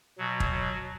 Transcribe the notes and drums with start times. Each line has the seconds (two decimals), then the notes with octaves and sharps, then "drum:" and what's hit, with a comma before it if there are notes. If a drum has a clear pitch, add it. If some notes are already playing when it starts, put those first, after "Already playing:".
0.18 B2 F#3
0.40 drum: kick
0.49 F#3